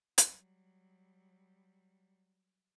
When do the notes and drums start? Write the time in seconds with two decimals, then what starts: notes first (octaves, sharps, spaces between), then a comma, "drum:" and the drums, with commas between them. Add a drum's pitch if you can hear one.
0.18 F#3 G3, drum: hi-hat